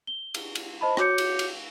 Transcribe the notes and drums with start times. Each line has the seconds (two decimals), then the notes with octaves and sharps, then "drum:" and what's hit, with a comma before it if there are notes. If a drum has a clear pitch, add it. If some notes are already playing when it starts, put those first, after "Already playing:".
0.07 G7
0.34 drum: cymbal
0.55 drum: cymbal
0.81 C5 D#5 A5 B5
0.97 F#4 C#5 D6 G6 C#7, drum: rim click
1.18 drum: cymbal
1.39 drum: cymbal